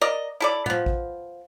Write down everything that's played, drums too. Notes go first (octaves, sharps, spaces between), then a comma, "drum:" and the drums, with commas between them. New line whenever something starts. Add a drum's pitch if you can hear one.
A#4 D5 D#5
E4 A4 D5
F3 B3, drum: tom A2
drum: kick A1